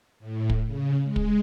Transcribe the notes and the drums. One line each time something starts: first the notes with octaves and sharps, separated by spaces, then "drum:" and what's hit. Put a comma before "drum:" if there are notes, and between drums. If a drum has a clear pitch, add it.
A2
drum: kick
C#3
G#3
drum: kick